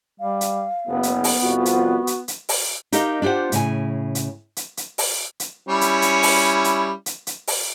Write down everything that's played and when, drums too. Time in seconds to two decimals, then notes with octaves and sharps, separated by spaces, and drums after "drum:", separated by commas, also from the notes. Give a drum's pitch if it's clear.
0.20 G3 F5
0.41 drum: hi-hat
0.87 F#1 B3
1.03 drum: hi-hat
1.24 drum: open hi-hat
1.42 C2 F2 F4 F#4
1.65 drum: hi-hat
2.07 drum: hi-hat
2.28 drum: hi-hat
2.49 drum: open hi-hat
2.92 D#4 G4 A#4 D#5 F5, drum: hi-hat
3.22 D4 F4 G4 C5 F#5
3.52 A2 C#3 G#5, drum: hi-hat
4.15 drum: hi-hat
4.56 drum: hi-hat
4.77 drum: hi-hat
4.98 drum: open hi-hat
5.40 drum: hi-hat
5.67 G3 C#4 E4
5.81 drum: hi-hat
6.02 drum: hi-hat
6.23 drum: open hi-hat
6.64 drum: hi-hat
7.06 drum: hi-hat
7.27 drum: hi-hat
7.47 drum: open hi-hat